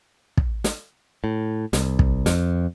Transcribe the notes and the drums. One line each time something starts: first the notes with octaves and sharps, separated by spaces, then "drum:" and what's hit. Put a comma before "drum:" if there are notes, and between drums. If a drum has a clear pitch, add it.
drum: kick
drum: snare
A2
C2, drum: snare
drum: kick
F2, drum: snare